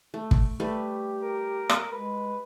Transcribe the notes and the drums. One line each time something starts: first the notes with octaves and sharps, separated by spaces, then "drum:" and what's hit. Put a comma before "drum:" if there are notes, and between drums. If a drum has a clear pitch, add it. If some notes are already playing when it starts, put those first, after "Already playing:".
A3
drum: kick
G3 A3 G4 B4
A#4
drum: rim click
G#3 B4